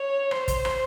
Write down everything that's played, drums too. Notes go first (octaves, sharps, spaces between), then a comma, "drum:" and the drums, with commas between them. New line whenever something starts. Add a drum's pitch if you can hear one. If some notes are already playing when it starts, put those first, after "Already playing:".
Already playing: C#5
C5, drum: rim click
drum: kick, hi-hat
drum: rim click